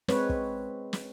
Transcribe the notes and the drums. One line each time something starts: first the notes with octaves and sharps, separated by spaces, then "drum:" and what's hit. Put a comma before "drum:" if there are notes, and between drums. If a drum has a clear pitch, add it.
G#3 C4 B4 C#5, drum: snare
drum: kick
drum: snare